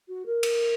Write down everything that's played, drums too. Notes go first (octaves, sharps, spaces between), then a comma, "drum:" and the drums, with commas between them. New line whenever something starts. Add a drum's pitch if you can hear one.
F#4
A#4
drum: cymbal